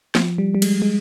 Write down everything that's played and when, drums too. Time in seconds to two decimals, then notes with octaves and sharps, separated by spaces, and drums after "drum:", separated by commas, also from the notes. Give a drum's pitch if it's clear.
0.15 F3, drum: snare
0.38 G3
0.55 G3
0.62 G#3, drum: cymbal
0.82 G#3